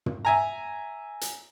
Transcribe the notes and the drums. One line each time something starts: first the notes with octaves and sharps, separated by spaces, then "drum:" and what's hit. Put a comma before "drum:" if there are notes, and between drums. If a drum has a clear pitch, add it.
drum: tom
E5 G#5 A#5
drum: hi-hat